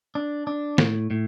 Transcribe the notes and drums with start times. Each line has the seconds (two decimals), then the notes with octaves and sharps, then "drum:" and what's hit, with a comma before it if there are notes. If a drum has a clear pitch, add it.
0.15 D4
0.47 D4
0.78 A2, drum: snare
1.11 A2